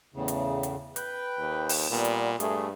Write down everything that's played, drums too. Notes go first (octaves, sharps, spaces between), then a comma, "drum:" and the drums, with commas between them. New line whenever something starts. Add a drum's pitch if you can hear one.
E2 A2 C#3
drum: hi-hat
drum: hi-hat
B4 G5, drum: hi-hat
D#2
drum: open hi-hat
A#2 G3 B3
drum: hi-hat
G2 A3 G#4, drum: hi-hat